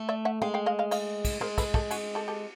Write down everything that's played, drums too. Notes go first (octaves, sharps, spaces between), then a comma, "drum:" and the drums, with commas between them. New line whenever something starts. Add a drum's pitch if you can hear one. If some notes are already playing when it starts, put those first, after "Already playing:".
Already playing: A3
D5 E5
E5 F#5
G#3 F5 G5
F5 G5
D#5 F5
D#5 F5
D#5 F5, drum: cymbal
drum: kick, cymbal
G#3 A#4 C5
A4 B4, drum: kick, cymbal
G4 A4, drum: kick
F#4 G#4, drum: cymbal
G4 A4
G4 A4